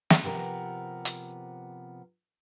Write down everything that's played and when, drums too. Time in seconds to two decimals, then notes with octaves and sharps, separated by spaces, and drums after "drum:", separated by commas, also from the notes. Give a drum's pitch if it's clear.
0.10 drum: snare
0.23 C3 F3 B3 A#4
1.05 drum: hi-hat